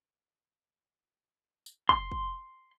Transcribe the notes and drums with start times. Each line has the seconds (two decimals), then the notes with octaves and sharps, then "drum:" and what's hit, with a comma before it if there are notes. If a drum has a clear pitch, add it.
1.66 drum: tambourine
1.89 C6, drum: kick
2.12 drum: kick